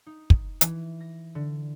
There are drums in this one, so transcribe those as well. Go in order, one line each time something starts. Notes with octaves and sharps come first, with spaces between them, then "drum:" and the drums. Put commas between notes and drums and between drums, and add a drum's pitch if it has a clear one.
D#4
drum: kick
E3, drum: hi-hat
A#6
D3